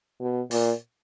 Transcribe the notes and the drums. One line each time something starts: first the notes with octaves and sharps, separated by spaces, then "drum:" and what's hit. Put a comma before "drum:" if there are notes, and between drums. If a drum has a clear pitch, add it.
B2
A#2, drum: open hi-hat